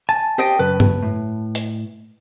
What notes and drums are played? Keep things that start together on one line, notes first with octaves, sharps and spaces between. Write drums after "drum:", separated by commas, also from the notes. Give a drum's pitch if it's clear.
G#5 A5
G4 C5 D#5 G5
F#2 C#3 B4
drum: tom G2
A2
drum: hi-hat